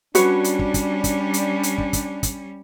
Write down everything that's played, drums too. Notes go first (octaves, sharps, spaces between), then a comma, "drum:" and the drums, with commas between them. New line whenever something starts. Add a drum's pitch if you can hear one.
G3 C#4 D4 F#4 B4 C#5, drum: hi-hat
drum: hi-hat
drum: kick
drum: kick, hi-hat
drum: kick, hi-hat
drum: hi-hat
drum: hi-hat
drum: kick
drum: kick, hi-hat
drum: kick, hi-hat